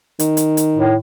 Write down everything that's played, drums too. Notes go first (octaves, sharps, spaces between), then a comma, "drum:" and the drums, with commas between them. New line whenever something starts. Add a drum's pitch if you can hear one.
D#3, drum: hi-hat
drum: hi-hat
drum: hi-hat
A2